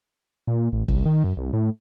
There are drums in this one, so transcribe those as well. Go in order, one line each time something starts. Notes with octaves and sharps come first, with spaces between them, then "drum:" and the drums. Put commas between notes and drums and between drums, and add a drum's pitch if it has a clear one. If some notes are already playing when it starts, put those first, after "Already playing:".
A#2
A1
C2, drum: kick
D#3
F#2
C2
A2